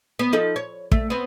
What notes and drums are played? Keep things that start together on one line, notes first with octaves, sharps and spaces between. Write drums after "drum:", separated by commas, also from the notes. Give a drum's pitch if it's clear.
B3
F3 D#4 A4
C#5
A3, drum: kick
B3 C4